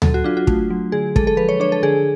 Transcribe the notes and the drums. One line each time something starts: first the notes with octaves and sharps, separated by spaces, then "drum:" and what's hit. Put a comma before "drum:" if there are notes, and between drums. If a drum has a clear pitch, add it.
F#3 A4, drum: tom D2
F#4
D4 F4
F#4
A3, drum: kick
F#3
D3 G#4
G#3 A4, drum: kick
A4
F3 B4
C#5
D4 C#5
A4
D3 G#4